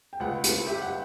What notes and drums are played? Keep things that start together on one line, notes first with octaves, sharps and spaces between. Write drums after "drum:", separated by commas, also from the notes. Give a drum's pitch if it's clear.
G5
C#2 F#5
C#2, drum: hi-hat
G4 E5
F#5